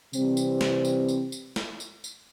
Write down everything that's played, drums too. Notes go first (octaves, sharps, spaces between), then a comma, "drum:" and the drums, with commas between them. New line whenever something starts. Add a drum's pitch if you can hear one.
C3 E3 G3 C4, drum: tambourine
drum: tambourine
drum: snare
drum: tambourine
drum: tambourine
drum: tambourine
drum: snare
drum: tambourine
drum: tambourine